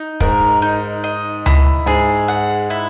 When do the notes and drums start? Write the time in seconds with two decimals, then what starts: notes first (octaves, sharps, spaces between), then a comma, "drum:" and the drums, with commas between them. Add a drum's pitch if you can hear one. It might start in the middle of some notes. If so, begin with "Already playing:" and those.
Already playing: D#4
0.20 G#2 A#4, drum: kick
0.62 D#4
1.04 D#5
1.46 E4, drum: tom C#2
1.86 G#2 G#4
2.28 F#5
2.70 E4